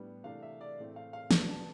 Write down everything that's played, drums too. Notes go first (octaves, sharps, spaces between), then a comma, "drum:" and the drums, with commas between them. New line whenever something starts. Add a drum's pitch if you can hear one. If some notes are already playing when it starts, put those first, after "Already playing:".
Already playing: A2 G3 B3 D4
C3 E3 A3 D4 F5
E5
D5
A2 E3 A3 C4
F5
F5
B2 B3 D4 A5, drum: snare
A5